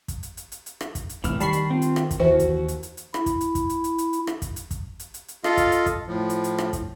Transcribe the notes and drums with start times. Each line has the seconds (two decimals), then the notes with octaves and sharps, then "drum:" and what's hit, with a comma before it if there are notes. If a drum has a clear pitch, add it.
0.08 drum: kick, hi-hat
0.23 drum: hi-hat
0.37 drum: hi-hat
0.52 drum: hi-hat
0.66 drum: hi-hat
0.81 drum: rim click
0.95 drum: kick, hi-hat
1.09 drum: hi-hat
1.24 E2 A2 C3 E3 F6, drum: kick, hi-hat
1.40 D#3 G3 A5 B5 C#6 C7, drum: hi-hat
1.53 drum: hi-hat
1.71 C4 F4
1.82 drum: hi-hat
1.96 drum: rim click
2.11 drum: kick, hi-hat
2.20 D#2 E3 F#4 C5
2.39 drum: kick, hi-hat
2.68 drum: hi-hat
2.83 drum: hi-hat
2.97 drum: hi-hat
3.14 E4, drum: rim click
3.26 drum: kick, hi-hat
3.41 drum: hi-hat
3.55 drum: kick, hi-hat
3.69 drum: hi-hat
3.84 drum: hi-hat
3.98 drum: hi-hat
4.13 drum: hi-hat
4.27 drum: rim click
4.42 drum: kick, hi-hat
4.56 drum: hi-hat
4.71 drum: kick, hi-hat
5.00 drum: hi-hat
5.14 drum: hi-hat
5.28 drum: hi-hat
5.44 F4 A4 D#5 F5, drum: rim click
5.57 drum: kick, hi-hat
5.72 drum: hi-hat
5.86 drum: kick, hi-hat
6.07 A2 F3
6.30 drum: hi-hat
6.44 drum: hi-hat
6.58 drum: rim click
6.73 drum: kick, hi-hat